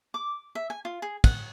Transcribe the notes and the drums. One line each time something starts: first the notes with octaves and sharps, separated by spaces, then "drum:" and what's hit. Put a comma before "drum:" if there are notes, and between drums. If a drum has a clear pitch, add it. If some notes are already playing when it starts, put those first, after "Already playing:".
D6
E5
G#5
F4
G#4
F#5, drum: kick, cymbal